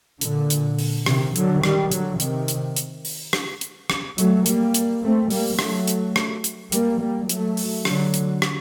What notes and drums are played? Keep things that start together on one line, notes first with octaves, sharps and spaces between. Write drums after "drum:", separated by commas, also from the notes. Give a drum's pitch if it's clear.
A#2 D3, drum: hi-hat
drum: hi-hat
drum: open hi-hat
C3 D#3, drum: rim click
D3 F#3, drum: hi-hat
D#3 G3, drum: rim click
D3 F#3, drum: hi-hat
C3 D#3, drum: hi-hat
drum: hi-hat
drum: hi-hat
drum: open hi-hat
drum: rim click
drum: hi-hat
drum: rim click
F#3 A3, drum: hi-hat
G3 A#3, drum: hi-hat
drum: hi-hat
A3 C4
G3 A#3, drum: open hi-hat
F#3 A3, drum: rim click
drum: hi-hat
drum: rim click
drum: hi-hat
G3 A#3, drum: hi-hat
G3 A#3
F#3 A3, drum: hi-hat
drum: open hi-hat
D3 F#3, drum: rim click
drum: hi-hat
drum: rim click